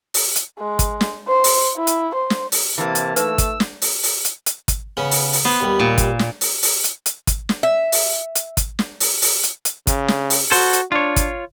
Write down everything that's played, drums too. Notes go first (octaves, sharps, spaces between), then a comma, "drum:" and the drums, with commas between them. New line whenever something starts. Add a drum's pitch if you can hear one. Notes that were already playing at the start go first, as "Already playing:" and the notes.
drum: open hi-hat
drum: hi-hat
G#3
drum: kick, hi-hat
drum: snare
C5
drum: open hi-hat
E4
drum: hi-hat
C5
drum: snare
drum: open hi-hat
C3 E3 A#3 A5
drum: hi-hat
A3 D#4 B4 E5 E6, drum: hi-hat
drum: kick, hi-hat
drum: snare
drum: open hi-hat
drum: open hi-hat
drum: hi-hat
drum: hi-hat
drum: kick, hi-hat
C#3 B3 C#4
drum: open hi-hat
drum: open hi-hat
B3 C5
D#2 G3
A#2
drum: kick, hi-hat
drum: snare
drum: open hi-hat
drum: open hi-hat
drum: hi-hat
drum: hi-hat
drum: kick, hi-hat
drum: snare
E5
drum: open hi-hat
drum: hi-hat
drum: kick, hi-hat
drum: snare
drum: open hi-hat
drum: open hi-hat
drum: hi-hat
drum: hi-hat
C#3, drum: kick, hi-hat
drum: snare
drum: open hi-hat
F#4 A4 C5, drum: open hi-hat
drum: hi-hat
D4 F4 C#5
drum: kick, hi-hat